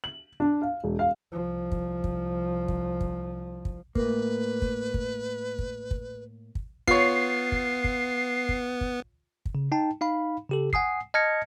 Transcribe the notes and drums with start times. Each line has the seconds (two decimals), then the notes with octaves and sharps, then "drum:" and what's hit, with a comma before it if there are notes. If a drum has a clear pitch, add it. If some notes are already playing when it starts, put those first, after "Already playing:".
0.04 F#7
0.40 D4
0.62 F5
0.84 E1
0.99 F5
1.32 C2 F3
1.72 drum: kick
2.04 drum: kick
2.68 drum: kick
3.01 drum: kick
3.65 drum: kick
3.95 A2 A#3 B4, drum: kick
4.62 drum: kick
4.94 drum: kick
5.59 drum: kick
5.91 drum: kick
6.55 drum: kick
6.88 B3 F4 C#5 C7, drum: kick
7.52 drum: kick
7.84 drum: kick
8.49 drum: kick
8.81 drum: kick
9.46 drum: kick
9.55 C#3
9.72 D#4 G5 A5
10.01 D#4 F5 B5
10.49 C#3 G4 A4
10.73 F#5 G#5 D#6 C7, drum: kick
11.14 D#5 A5 F6 G#6 A#6 C#7